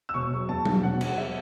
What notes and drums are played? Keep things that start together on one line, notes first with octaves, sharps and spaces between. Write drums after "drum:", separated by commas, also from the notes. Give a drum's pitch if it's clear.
E6
E1 C#6
F#3
E2 A5
B2, drum: tom F#3
E1 F#5
F#3, drum: cymbal
E5